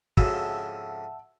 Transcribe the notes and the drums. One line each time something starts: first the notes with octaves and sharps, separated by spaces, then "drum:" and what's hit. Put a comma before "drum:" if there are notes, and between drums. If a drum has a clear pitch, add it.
F2 G#2 C#3 F#4 E5 F#5 A5 E6, drum: kick